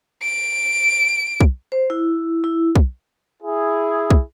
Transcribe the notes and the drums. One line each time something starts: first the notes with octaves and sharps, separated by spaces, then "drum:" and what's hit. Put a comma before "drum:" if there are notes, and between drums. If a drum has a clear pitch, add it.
D7
drum: kick
C5
E4
E4
drum: kick
E4 G#4
drum: kick